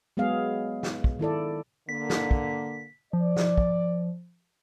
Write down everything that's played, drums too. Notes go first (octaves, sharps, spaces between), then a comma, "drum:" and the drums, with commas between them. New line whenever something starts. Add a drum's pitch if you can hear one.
F#3 G#3 B3 G#4 F5
drum: snare
drum: kick
D#3 E4 A4 D5
D3 A#3 B6
drum: snare
drum: kick
F3 D5
drum: snare
drum: kick